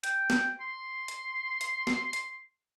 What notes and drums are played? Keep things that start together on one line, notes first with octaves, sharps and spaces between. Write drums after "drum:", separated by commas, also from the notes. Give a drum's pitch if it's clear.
G5, drum: hi-hat
drum: snare
C6
drum: hi-hat
drum: hi-hat
drum: snare
drum: hi-hat